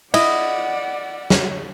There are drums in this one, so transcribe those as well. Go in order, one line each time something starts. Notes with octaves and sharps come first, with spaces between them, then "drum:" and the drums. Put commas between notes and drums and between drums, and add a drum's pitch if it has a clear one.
E4 D5 D#5 F#5, drum: cymbal
drum: snare